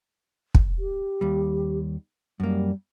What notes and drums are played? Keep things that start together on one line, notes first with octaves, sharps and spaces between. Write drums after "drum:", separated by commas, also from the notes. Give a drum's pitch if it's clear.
drum: kick
G4
D#2 G3
F#2 G3 A#3